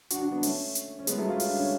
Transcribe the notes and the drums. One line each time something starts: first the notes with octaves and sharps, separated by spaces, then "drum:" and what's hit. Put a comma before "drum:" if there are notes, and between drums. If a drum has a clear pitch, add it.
D4 F#4, drum: hi-hat
D4 F#4
B3 D4
A3 C#4, drum: open hi-hat
drum: hi-hat
C#4
G#3 B3, drum: hi-hat
F#3 A3
C#4 F4
F4, drum: open hi-hat
D4
C#4